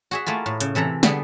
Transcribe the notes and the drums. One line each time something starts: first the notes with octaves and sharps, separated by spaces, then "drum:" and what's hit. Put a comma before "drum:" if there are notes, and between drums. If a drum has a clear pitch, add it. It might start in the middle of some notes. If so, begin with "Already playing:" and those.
F#4 G#4 E5
A3 A#3 E4 F4
A2
C#3, drum: hi-hat
C3 E3 A4 A#5
D3 G3 B3 G#4, drum: snare